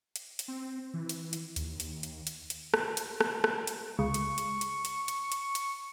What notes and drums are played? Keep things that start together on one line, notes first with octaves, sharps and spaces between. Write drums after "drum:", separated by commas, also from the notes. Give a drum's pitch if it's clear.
drum: hi-hat
drum: hi-hat
C4
E3
drum: hi-hat
drum: hi-hat
D#2, drum: hi-hat
drum: hi-hat
drum: hi-hat
drum: hi-hat
drum: hi-hat
drum: rim click
drum: hi-hat
drum: rim click
drum: rim click
drum: hi-hat
C#2 C#6
drum: hi-hat
drum: hi-hat
drum: hi-hat
drum: hi-hat
drum: hi-hat
drum: hi-hat
drum: hi-hat